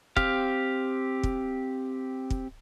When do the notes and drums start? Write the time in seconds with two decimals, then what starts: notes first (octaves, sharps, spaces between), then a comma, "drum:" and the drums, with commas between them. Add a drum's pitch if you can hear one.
0.17 C4 G4 F5, drum: kick
1.23 drum: kick
2.30 drum: kick